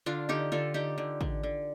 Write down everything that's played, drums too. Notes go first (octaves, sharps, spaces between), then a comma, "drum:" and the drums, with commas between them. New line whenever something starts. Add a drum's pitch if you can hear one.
D3 D4 F4
D3 D#4 G4
D3 F4 A4
D3 D#4 G4
D3
D3, drum: kick
D3